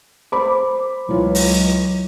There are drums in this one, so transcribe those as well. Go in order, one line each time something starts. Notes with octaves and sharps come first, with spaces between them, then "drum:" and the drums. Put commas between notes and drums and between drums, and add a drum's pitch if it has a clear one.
C5 B5 D6
C#2 E3 F#3 F4
drum: open hi-hat